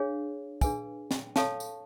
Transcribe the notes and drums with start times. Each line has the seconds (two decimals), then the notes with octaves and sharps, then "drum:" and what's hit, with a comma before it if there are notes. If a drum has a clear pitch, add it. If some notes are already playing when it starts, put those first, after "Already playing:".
Already playing: D4 G#4 C#5 F5
0.61 D4 G#4 B4 F5 G#5, drum: kick, tambourine
1.11 drum: snare
1.36 A4 C#5 F5 A5 C#6, drum: snare
1.60 drum: tambourine